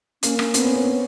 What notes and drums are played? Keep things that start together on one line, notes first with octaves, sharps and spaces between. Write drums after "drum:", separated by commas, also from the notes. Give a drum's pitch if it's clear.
A#3 C#4, drum: hi-hat
C#4, drum: rim click
B3 C4, drum: hi-hat
C#4
C4
C#4